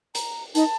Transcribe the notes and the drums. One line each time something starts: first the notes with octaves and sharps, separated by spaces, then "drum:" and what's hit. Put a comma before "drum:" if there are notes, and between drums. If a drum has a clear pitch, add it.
A#5, drum: hi-hat
D#4 A5, drum: hi-hat